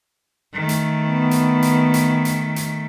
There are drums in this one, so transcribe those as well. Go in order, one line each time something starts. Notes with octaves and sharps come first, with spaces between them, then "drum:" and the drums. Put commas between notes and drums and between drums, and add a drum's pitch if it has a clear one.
D#3 A3
drum: hi-hat
B3
drum: hi-hat
drum: hi-hat
drum: hi-hat
drum: hi-hat
drum: hi-hat